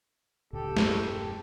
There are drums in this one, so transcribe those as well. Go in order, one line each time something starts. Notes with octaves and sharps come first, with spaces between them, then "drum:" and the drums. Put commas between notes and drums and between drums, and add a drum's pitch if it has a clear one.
C#2 A2 G4 A4
E1 G2 C#4, drum: snare